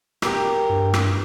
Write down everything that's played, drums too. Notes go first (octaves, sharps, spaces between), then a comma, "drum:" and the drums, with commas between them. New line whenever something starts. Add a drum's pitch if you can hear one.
G4 A#4, drum: rim click
G2
drum: rim click